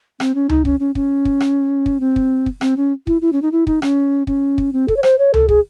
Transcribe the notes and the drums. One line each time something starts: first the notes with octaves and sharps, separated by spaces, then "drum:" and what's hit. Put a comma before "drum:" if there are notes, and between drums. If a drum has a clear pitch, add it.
C4, drum: rim click
C#4
D#4, drum: tom C#2
C#4, drum: kick
C#4
C#4, drum: kick
drum: kick
drum: rim click
drum: kick
C4
drum: kick
drum: kick
C4, drum: rim click
C#4
E4, drum: kick
E4
C#4
D#4
E4
D#4, drum: kick
C#4, drum: rim click
C#4, drum: kick
drum: kick
C4
A4, drum: kick
C#5
C5, drum: rim click
C#5
A4, drum: tom C#2
G#4, drum: kick